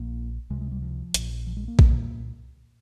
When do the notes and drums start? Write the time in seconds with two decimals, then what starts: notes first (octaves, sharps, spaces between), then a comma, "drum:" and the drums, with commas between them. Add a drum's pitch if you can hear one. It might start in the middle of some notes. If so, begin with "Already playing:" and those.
Already playing: A#1 A#2 A#3
0.50 C#2 C3 G#3
0.61 G#3
0.71 G3
0.82 F3
1.14 A#1 A#2, drum: hi-hat
1.46 F3
1.57 G#3
1.68 A#3
1.79 C2 A#2, drum: kick A#1